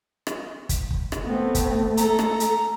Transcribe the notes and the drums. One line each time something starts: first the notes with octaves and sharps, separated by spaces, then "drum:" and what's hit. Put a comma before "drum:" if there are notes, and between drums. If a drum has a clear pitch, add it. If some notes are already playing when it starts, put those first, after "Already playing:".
drum: rim click
drum: kick, hi-hat
drum: kick
drum: rim click
A3 B3 C4
drum: kick, hi-hat
A4 A#5, drum: hi-hat
drum: rim click
drum: hi-hat